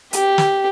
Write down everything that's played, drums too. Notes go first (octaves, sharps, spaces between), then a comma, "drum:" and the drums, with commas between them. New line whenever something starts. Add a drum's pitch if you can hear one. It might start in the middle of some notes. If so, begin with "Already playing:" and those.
G4, drum: hi-hat
drum: snare